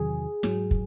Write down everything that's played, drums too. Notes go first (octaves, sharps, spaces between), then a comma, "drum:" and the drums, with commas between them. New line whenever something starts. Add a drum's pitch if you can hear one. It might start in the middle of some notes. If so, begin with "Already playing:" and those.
Already playing: E2 C3 D#3 F#3 G#4
G#2 F#3, drum: snare
drum: kick